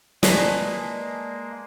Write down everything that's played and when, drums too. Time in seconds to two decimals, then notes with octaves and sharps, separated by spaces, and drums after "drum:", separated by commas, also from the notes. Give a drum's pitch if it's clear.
0.23 G#3 A#3 B4 D5 D#5 G#5 A5 C7, drum: snare